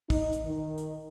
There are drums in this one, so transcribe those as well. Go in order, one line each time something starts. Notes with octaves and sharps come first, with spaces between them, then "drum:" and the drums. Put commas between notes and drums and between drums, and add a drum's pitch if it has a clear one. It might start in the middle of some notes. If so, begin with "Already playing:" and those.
D#4, drum: kick, open hi-hat
drum: hi-hat
D#3
drum: hi-hat